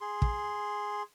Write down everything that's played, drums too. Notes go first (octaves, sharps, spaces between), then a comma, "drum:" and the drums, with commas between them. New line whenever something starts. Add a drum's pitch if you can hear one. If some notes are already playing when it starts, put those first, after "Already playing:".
G#4 C6
drum: kick